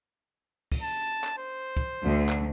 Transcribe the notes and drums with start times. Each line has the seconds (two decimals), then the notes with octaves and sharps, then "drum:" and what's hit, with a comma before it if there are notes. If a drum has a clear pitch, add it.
0.72 drum: kick, cymbal
0.82 A5
1.24 drum: clap
1.38 C5
1.77 drum: kick
2.03 D2
2.29 drum: clap